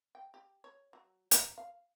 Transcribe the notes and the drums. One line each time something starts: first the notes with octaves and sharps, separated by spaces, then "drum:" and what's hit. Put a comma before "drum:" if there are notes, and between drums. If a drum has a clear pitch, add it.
G5
G4
C#5
F#3
A#5, drum: hi-hat
F5